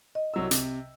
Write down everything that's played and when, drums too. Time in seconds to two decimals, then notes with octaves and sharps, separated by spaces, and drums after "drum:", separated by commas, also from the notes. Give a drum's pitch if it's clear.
0.15 D#5
0.34 C2 F#3 E6
0.51 C3, drum: hi-hat